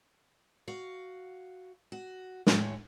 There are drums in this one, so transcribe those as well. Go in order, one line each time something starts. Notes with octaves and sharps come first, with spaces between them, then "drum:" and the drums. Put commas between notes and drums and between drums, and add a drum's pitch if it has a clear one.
F#4 F5
F#4
A2 G#3 C#5, drum: snare